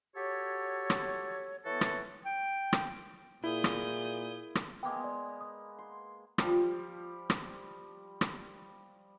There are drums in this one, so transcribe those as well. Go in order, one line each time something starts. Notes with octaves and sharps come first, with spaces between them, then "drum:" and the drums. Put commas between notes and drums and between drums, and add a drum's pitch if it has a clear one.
F#4 G4 A4 C#5
drum: rim click
E3 B3 F#4 A4 C#5
drum: rim click
G5
drum: rim click
A#2 E4 G#4 D#6 G6
drum: rim click
drum: rim click
G#3 A#3 B3 G5 D6
D5
D#6
C6
F3 G3, drum: rim click
drum: rim click
drum: rim click